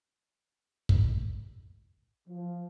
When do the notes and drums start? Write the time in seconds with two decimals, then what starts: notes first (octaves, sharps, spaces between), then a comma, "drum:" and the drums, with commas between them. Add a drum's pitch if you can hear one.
0.89 drum: kick
2.28 F3